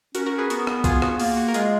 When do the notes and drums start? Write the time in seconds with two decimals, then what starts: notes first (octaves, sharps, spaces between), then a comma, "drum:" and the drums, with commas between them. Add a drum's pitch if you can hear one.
0.15 C#4 F#4 A#4, drum: hi-hat
0.26 F#4 A#4
0.38 G#4 B4
0.50 B3 F#4 A#4, drum: hi-hat
0.67 drum: rim click
0.84 F4 G#4, drum: kick C2, hi-hat
1.02 F#4, drum: rim click
1.20 A#3 F4, drum: open hi-hat
1.37 F#4
1.48 A#4
1.54 G#3 F4 G#4, drum: hi-hat